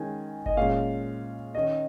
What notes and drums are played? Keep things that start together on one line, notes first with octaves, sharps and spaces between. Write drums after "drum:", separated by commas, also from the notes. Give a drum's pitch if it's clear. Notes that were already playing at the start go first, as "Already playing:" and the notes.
Already playing: D#3 G#3 C#4 G#5
D#5, drum: kick G1
A#2 G#3 C#4 F5
D#3 C#4 D#5